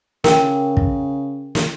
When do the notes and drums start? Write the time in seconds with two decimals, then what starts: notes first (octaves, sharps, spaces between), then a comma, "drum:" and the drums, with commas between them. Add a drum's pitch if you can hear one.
0.24 C#3 A#4 G5 A#5, drum: snare
0.77 drum: kick
1.55 drum: snare